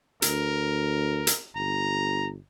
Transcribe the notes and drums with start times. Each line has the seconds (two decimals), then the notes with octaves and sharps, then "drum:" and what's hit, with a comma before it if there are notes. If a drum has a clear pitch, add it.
0.22 D2 A#4, drum: hi-hat
1.27 drum: hi-hat
1.55 G1 A#5